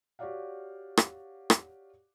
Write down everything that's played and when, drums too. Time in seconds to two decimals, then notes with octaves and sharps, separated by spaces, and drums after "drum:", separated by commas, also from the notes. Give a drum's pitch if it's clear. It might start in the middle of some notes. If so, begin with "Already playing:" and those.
0.19 F#4 G4 C#5 D5 F5 F#5
0.97 drum: rim click
1.50 drum: rim click